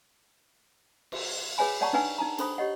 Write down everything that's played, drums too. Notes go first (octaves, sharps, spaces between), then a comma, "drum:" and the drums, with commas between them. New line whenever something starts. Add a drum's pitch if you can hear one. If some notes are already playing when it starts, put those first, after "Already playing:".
drum: cymbal
G#4 B4 C#5 F#5 G#5 B5
C#5 D5 F#5 A5 A#5 C#6
D4 D#4 B4 F#5 G#5 E6
D#4 A5 A#5
D4 A4 C5 B5 D#6, drum: cymbal
G4 C#5 D#5 F#5